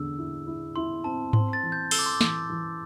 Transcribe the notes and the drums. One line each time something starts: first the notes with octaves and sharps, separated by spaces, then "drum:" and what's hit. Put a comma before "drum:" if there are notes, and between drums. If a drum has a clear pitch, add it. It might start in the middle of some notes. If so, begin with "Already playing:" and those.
Already playing: E2 D3 E6
E4
E4
E4 C6
C4 A5
C4 C6, drum: tom G#2
A6
E3
G6
A4 E6, drum: open hi-hat
D6
C6
D6
E3, drum: snare
E3